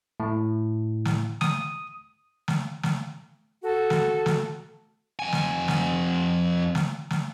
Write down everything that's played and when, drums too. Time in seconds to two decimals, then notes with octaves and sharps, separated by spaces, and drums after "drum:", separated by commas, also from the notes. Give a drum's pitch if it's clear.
0.20 A2
1.05 drum: snare
1.41 D#6, drum: snare
2.48 drum: snare
2.83 drum: snare
3.62 F#4 A4
3.90 drum: snare
4.26 drum: snare
5.19 F2 G#5
5.33 drum: snare
5.68 drum: snare
6.75 drum: snare
7.10 drum: snare